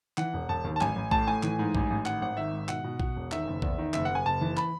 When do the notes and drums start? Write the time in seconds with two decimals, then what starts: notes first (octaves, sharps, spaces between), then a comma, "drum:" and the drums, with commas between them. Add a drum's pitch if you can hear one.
0.18 E3 F#5, drum: clap
0.34 E1
0.49 E1 A5
0.65 D#2
0.76 A5
0.81 A1 G#5, drum: clap
0.96 A1
1.11 A2 A5, drum: kick A#1
1.28 A2 G#5
1.43 E3, drum: clap
1.59 G#2
1.75 A1, drum: kick A#1
1.90 A1
2.06 D#3 F#5, drum: clap
2.21 G#1 F#5
2.37 D#3 E5
2.53 G#2
2.68 B2 F#5, drum: clap
2.84 B2
3.00 B2, drum: kick A#1
3.16 E1
3.32 D#3 E5, drum: clap
3.47 F#1
3.62 E2, drum: kick A#1
3.78 D#3
3.94 F#1 E5, drum: clap
4.05 F#1 F#5
4.15 G#5
4.26 F#1 A5
4.41 E3
4.57 B5, drum: clap